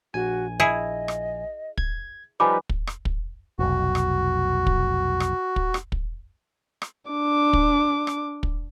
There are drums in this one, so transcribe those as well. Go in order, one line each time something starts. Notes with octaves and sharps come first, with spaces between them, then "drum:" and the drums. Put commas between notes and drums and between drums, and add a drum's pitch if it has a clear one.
A#1 F#4 G#5
E4 G#4 D#5
drum: rim click
G#6, drum: kick
F3 G3 D#4 B4 G#5 B5 D6
drum: kick
drum: rim click
drum: kick
F1 B1 F#4
drum: rim click
drum: kick
drum: rim click
drum: kick
drum: rim click
drum: kick
drum: rim click
D4 D6
drum: kick
drum: rim click
drum: kick